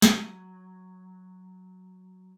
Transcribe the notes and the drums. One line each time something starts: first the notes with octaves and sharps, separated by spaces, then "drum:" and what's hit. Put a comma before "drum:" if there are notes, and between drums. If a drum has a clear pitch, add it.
F#3 G#5, drum: snare